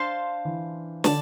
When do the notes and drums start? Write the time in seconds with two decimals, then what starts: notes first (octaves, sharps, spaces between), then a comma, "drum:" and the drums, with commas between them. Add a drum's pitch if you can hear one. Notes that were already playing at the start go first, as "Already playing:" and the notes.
Already playing: D4 C5 F5 A5 C6
0.45 E3
1.04 D3 D5 A5, drum: snare